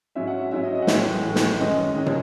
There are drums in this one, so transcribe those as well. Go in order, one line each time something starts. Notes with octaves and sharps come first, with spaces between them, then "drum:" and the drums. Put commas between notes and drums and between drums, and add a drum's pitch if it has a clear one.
G#2 F#3 C#4 E5
F#5
E5
G#2 F#3 C#4 E5
D#5
D#5
F#5
A2 E3 G#3 E5, drum: snare
A2 E3 G#3
drum: snare
F#2 D#3 G#3 C#4 D#5
F#2 D#3 G#3 C#4 D#5
C#5, drum: tom